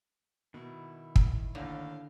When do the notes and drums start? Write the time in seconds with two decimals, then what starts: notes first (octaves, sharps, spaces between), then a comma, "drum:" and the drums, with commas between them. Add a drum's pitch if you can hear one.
0.54 B2 D#3 E4
1.16 drum: kick
1.55 D#2 A2 D3 F5